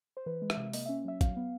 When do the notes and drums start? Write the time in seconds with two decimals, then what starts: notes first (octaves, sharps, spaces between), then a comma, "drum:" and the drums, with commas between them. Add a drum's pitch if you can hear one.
0.17 C5
0.26 E3 B4
0.42 G#3
0.50 E5, drum: rim click
0.57 C3
0.73 A#3 D#5, drum: open hi-hat
0.86 C#4 E5
1.05 F#3 E5
1.21 F#3 F5, drum: kick, hi-hat
1.37 B3